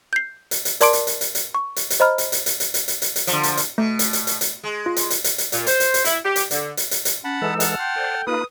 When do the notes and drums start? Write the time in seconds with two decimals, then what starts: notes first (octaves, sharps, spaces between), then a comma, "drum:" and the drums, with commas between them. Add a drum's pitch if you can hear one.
0.13 G6 C7
0.51 drum: hi-hat
0.65 drum: hi-hat
0.81 A#4 D5 A5 C6 D6 D7, drum: hi-hat
0.93 drum: hi-hat
1.07 drum: hi-hat
1.21 drum: hi-hat
1.35 drum: hi-hat
1.55 C#6
1.76 drum: hi-hat
1.90 drum: hi-hat
2.00 C5 D#5 A#5 B5 F6
2.18 drum: hi-hat
2.32 drum: hi-hat
2.46 drum: hi-hat
2.60 drum: hi-hat
2.74 drum: hi-hat
2.88 drum: hi-hat
3.02 drum: hi-hat
3.16 drum: hi-hat
3.27 D3 F3, drum: hi-hat
3.43 drum: hi-hat
3.57 drum: hi-hat
3.78 B2 A3
3.99 drum: hi-hat
4.13 drum: hi-hat
4.27 drum: hi-hat
4.41 drum: hi-hat
4.63 G#3
4.86 F4
4.96 drum: hi-hat
5.10 drum: hi-hat
5.24 drum: hi-hat
5.38 drum: hi-hat
5.52 A#2, drum: hi-hat
5.67 C5, drum: hi-hat
5.80 drum: hi-hat
5.94 drum: hi-hat
6.05 E4, drum: hi-hat
6.25 G4
6.36 drum: hi-hat
6.51 D3, drum: hi-hat
6.77 drum: hi-hat
6.91 drum: hi-hat
7.05 drum: hi-hat
7.24 C#4 F#5 A5 B5
7.42 E3 G#3 D#4 A4 E6
7.60 F#5 A5 F6, drum: hi-hat
7.79 G5 C6
7.96 A4 C5 D5
8.27 A#3 D#4 F4 B4 D#6